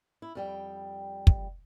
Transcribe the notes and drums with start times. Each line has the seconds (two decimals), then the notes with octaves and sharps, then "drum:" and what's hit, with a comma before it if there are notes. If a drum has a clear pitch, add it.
0.22 E4
0.35 F2 G3 G5
1.27 drum: kick